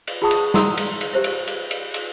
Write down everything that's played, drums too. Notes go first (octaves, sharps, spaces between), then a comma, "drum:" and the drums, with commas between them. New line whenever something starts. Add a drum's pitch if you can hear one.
drum: cymbal
F4 G#4 F#5 A5 C#6 D#6
drum: cymbal
F#5 A#5 C6 D#6 E6, drum: snare
drum: cymbal
drum: cymbal
G4 C5 E5
drum: cymbal
drum: cymbal
drum: cymbal
drum: cymbal